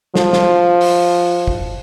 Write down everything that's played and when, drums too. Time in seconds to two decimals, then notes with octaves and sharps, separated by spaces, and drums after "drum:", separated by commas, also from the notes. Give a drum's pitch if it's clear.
0.15 F3, drum: snare
0.33 drum: snare
0.81 drum: open hi-hat
1.47 drum: kick